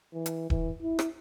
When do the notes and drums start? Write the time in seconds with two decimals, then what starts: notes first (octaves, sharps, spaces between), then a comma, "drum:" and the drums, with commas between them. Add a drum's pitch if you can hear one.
0.13 E3
0.26 drum: hi-hat
0.50 E3, drum: kick D#1
0.83 E4
0.99 drum: rim click